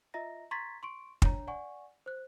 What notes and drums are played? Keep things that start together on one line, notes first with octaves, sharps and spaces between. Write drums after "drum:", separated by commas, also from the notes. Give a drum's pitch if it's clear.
F4 D#5 E5 A#5 A#6
A#5 C6 C#6 G#6 A6 B6
C6 C#6 D7
D4 C#5 A#5, drum: kick
D5 F#5 G#5 C#6
C5 F#6